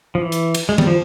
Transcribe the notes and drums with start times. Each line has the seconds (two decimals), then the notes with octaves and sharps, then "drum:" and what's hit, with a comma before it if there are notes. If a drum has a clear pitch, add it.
0.15 F3
0.21 E3
0.32 drum: hi-hat
0.55 drum: cymbal
0.69 G#3
0.78 G3, drum: tom D#3
0.87 F3